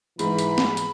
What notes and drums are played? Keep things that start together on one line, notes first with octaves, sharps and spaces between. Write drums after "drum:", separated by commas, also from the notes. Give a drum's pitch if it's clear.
G#2 E3 B5, drum: hi-hat
drum: hi-hat
drum: snare
drum: hi-hat